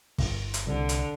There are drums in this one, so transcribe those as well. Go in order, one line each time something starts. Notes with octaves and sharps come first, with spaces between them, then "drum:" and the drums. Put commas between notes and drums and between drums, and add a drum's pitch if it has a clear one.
G1, drum: kick, open hi-hat
drum: hi-hat
C2 D3
drum: hi-hat